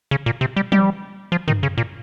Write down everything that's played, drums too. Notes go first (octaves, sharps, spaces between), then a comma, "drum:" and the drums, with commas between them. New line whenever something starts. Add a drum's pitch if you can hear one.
C#3
A#2
C3
G3
G3, drum: tom
F3
D#3, drum: tom
C#3
A#2